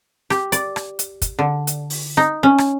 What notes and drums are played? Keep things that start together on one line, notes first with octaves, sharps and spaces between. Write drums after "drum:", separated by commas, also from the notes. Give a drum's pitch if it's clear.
G4, drum: rim click
D5, drum: hi-hat
drum: rim click
drum: hi-hat
drum: kick, hi-hat
D3
drum: hi-hat
drum: open hi-hat
D#4
C#4
drum: rim click